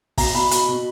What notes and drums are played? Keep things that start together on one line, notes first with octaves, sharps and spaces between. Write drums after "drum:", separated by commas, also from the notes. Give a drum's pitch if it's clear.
B2 A#5, drum: kick, open hi-hat
B2 B5
B2 B5, drum: hi-hat
B2